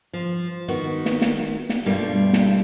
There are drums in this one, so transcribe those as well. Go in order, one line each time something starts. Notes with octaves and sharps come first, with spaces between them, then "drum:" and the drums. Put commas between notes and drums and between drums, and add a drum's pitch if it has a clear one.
F3
D#3 B3 F#4
drum: snare
drum: snare
drum: snare
G2 B2 G3 A3 A#3 F4
drum: snare